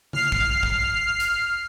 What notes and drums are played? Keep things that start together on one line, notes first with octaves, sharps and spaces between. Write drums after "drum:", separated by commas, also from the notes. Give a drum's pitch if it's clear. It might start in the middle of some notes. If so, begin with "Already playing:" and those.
F6 C7, drum: tom C#3
drum: kick
drum: kick
drum: hi-hat